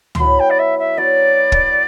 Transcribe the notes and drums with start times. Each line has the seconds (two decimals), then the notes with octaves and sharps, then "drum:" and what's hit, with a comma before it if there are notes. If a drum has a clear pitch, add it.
0.15 C6, drum: tom C#2
0.19 F#3 B3 E4 B5
0.39 G5
0.50 D5
0.58 E5
0.78 E5
0.97 F#3 B3 E4 D5
1.52 drum: kick